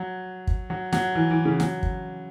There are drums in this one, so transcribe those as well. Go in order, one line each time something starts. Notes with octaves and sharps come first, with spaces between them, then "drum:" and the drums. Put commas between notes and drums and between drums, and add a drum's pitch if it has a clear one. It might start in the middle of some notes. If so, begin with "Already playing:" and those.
Already playing: F#3
drum: kick
F#3
F#3, drum: snare
E3
E3
C#3
F#3, drum: snare
drum: kick